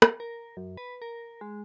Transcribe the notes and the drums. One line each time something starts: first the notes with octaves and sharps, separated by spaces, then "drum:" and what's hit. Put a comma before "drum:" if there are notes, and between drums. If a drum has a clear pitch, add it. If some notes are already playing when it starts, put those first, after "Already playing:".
drum: rim click
A#4
F#2
B4
A#4
G#3